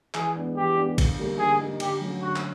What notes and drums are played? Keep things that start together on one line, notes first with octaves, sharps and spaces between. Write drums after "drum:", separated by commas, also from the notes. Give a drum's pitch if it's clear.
E3 G#4, drum: clap
G#3 B3 D4
E3 G4
G#3 B3 D4
D3, drum: kick A1, cymbal
G3 A#3 D#4
D3 G#4
G3 A#3 D#4
D3 G4, drum: cymbal
F#3 A3 C#4
D3 F#4
drum: clap